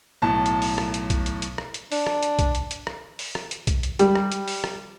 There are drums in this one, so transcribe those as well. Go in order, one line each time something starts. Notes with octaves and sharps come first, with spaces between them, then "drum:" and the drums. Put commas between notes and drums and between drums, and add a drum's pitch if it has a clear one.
B1 A2 A5
drum: hi-hat
drum: open hi-hat
drum: rim click
drum: hi-hat
drum: kick B1, hi-hat
drum: hi-hat
drum: hi-hat
drum: rim click
drum: hi-hat
D4, drum: open hi-hat
drum: rim click
drum: hi-hat
drum: kick B1, hi-hat
drum: hi-hat
drum: hi-hat
drum: rim click
drum: open hi-hat
drum: rim click
drum: hi-hat
drum: kick B1, hi-hat
drum: hi-hat
G3, drum: hi-hat
drum: rim click
drum: hi-hat
drum: open hi-hat
drum: rim click